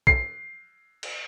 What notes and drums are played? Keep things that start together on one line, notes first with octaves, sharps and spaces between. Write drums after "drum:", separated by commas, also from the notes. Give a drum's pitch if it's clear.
C7, drum: kick B1
drum: cymbal